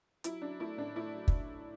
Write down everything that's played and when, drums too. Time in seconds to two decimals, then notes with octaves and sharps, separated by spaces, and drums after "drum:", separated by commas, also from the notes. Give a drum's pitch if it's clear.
0.24 F#3 E4, drum: hi-hat
0.42 F#3 D4
0.60 A3 E4
0.77 A2 D4
0.95 A3 E4
1.14 F#3
1.28 drum: kick